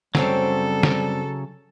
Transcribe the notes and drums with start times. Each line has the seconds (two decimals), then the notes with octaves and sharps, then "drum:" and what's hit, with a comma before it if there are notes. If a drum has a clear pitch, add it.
0.15 F#2 C#3 F#3 G3 C4 A4 C#5, drum: snare
0.83 drum: snare